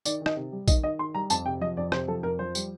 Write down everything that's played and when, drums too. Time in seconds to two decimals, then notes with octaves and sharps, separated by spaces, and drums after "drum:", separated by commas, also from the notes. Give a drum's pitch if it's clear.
0.05 D#3 D5, drum: tambourine
0.21 D#3
0.26 D#5, drum: rim click
0.36 C3
0.52 G3
0.68 D#3 D#5, drum: kick A#1, tambourine
0.83 D#3 D#5
0.99 D#3 C6
1.15 G3 A#5
1.30 F2 A5, drum: tambourine
1.45 C3 G5
1.61 F3 D#5
1.77 F2 D5
1.92 C3 C5, drum: rim click
2.08 F3 A4
2.23 F2 A#4
2.39 F3 C5
2.55 G3, drum: tambourine